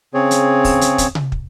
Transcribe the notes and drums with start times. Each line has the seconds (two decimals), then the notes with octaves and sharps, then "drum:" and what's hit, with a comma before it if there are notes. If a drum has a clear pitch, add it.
0.14 C#3 C4 G#4 C#5
0.31 drum: hi-hat
0.64 drum: kick, open hi-hat
0.81 drum: hi-hat
0.98 drum: kick, hi-hat
1.15 drum: tom C3
1.32 drum: kick